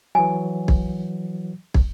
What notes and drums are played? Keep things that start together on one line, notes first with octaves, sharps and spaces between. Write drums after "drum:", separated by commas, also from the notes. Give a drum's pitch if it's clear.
E3 F#3 G#5
drum: kick
drum: kick